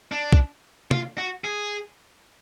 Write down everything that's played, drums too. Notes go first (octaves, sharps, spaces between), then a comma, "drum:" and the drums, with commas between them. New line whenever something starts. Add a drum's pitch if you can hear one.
D4
drum: kick B1
F4, drum: tom
F#4
G#4